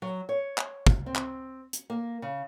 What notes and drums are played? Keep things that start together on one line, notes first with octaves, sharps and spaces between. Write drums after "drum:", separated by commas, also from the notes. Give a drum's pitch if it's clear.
F#3
C#5
drum: clap
drum: kick
C4
drum: clap
drum: hi-hat
A#3
C#3